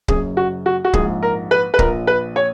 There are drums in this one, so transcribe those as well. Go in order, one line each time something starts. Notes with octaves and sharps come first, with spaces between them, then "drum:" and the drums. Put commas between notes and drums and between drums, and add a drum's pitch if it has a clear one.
F#1 F#2 C#3 G#4, drum: kick C#1
F#4
F#4
F#4
A#1 G#2 F3 G#4, drum: kick C#1
A#4
B4
B4
A#1 A#2 F3 A#4, drum: kick C#1
B4
C#5